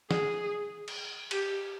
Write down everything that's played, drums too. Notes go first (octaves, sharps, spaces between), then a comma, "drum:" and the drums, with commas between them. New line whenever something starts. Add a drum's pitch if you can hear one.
G#4, drum: snare
drum: cymbal
G4, drum: cymbal